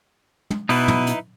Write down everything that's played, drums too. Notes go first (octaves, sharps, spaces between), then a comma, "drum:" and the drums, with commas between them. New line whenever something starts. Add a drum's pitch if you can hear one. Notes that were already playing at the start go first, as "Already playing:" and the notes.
drum: tom
B2 D#4 E4 B4, drum: open hi-hat
drum: tom
drum: hi-hat